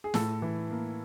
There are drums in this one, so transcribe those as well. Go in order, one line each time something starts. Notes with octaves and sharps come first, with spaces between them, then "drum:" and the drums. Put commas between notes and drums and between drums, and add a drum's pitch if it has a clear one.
G#4
A2 A4, drum: snare
E3
A#3